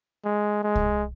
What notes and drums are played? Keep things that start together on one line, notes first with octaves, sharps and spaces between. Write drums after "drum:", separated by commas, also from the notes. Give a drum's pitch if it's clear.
G#3
G#3
drum: kick C2